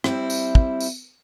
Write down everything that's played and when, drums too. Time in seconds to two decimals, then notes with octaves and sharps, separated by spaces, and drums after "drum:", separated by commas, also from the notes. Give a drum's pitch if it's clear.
0.04 G3 C4 E4, drum: rim click
0.30 drum: tambourine
0.55 drum: kick
0.80 drum: tambourine